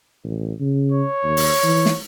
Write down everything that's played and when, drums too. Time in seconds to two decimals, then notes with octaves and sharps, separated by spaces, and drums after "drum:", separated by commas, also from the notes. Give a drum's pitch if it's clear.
0.24 A1
0.60 C#3
0.92 C#5
1.24 D#2
1.37 drum: open hi-hat
1.64 E3
1.86 drum: snare